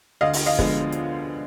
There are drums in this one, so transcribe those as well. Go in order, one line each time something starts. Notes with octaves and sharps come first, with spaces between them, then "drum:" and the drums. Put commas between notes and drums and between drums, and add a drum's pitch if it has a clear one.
D2 D#5 F5
drum: open hi-hat
D#5 F5
D3 F3 G#3 B3, drum: kick
drum: hi-hat